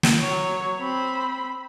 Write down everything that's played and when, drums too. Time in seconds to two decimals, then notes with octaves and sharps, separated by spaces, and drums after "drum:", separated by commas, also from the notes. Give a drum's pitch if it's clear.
0.03 drum: snare
0.20 F#3 C#5
0.80 C4 B5